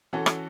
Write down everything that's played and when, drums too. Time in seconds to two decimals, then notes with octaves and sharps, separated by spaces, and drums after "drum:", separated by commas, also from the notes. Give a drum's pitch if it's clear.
0.13 E3 C#4 F#4 A4
0.26 drum: rim click